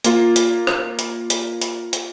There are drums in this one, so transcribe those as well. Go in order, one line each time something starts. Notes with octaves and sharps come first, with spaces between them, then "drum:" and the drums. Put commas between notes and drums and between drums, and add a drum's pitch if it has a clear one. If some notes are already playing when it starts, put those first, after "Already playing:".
A#3 F4, drum: hi-hat
drum: hi-hat
drum: rim click
drum: hi-hat
drum: hi-hat
drum: hi-hat
drum: hi-hat